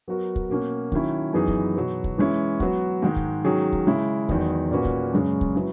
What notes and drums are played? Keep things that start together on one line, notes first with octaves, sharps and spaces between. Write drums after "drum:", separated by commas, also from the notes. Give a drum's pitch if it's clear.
F#3 B3 F#4 A#4
drum: kick
B2 A#3 C#4 F#4
D#3 F#3 C#4 E4, drum: kick
F#2 E3 B3 D#4 G#4
drum: kick
B2 F#3 B3
drum: kick
E3 G#3 C#4 E4
F#3 B3 F#4, drum: kick
G#2 D#3 G#3
drum: kick
D#3 F#3 C#4 G#4
drum: kick
C#3 G#3 C#4 E4
E2 D#3 F#3 B3 D#4, drum: kick
A#2 A#3 C#4 F#4 B4
drum: kick
F#2 C#3 G#3 C#4
drum: kick
F#3 C#4 E4 B4